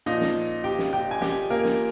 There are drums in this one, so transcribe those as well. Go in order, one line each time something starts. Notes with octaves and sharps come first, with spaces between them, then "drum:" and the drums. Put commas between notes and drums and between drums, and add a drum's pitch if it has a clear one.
A#2 F3 D#4 D#5
drum: snare
G4 G5
drum: snare
G4 G5
G#5
G4 G5, drum: snare
A#3 A#4
drum: snare